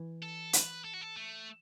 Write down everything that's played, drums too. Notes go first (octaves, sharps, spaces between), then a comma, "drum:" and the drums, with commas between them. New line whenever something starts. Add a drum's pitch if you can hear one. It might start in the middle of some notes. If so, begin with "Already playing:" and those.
Already playing: E3
A4
B4, drum: hi-hat
A4
F#4
A4
A3